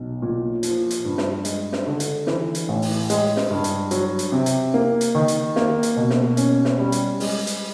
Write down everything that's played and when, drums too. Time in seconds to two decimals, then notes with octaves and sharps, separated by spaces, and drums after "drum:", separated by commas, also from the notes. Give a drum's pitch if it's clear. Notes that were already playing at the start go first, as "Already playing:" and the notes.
Already playing: B1
0.22 A#2
0.63 F3, drum: hi-hat
0.91 drum: hi-hat
1.05 G2
1.18 drum: snare
1.45 G#3, drum: hi-hat
1.73 drum: snare
1.87 D3
2.00 drum: hi-hat
2.27 E3, drum: snare
2.55 drum: hi-hat
2.69 A1
2.82 drum: open hi-hat
3.10 G#3, drum: hi-hat
3.37 drum: snare
3.50 G2
3.64 drum: hi-hat
3.91 F#3, drum: hi-hat
4.19 drum: hi-hat
4.32 C3
4.46 drum: hi-hat
4.74 A#3
5.01 drum: hi-hat
5.15 D#3
5.28 drum: hi-hat
5.56 A#3, drum: snare
5.83 drum: hi-hat
5.96 B2
6.10 drum: snare
6.37 C#4, drum: hi-hat
6.65 drum: snare
6.79 G3
6.92 drum: hi-hat
7.20 G#3, drum: open hi-hat
7.47 drum: hi-hat